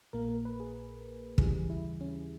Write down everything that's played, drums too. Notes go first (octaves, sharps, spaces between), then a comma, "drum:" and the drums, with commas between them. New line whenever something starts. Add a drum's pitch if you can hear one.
A#1 A#2 A#3 A#4
A#4
B4
G#4
D#2 C#3 E3 G3 G#4, drum: kick
E4
C#4